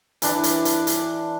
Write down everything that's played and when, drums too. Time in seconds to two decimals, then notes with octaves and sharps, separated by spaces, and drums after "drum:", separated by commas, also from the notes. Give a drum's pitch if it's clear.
0.22 E3 D4, drum: hi-hat
0.44 drum: hi-hat
0.65 drum: hi-hat
0.87 drum: hi-hat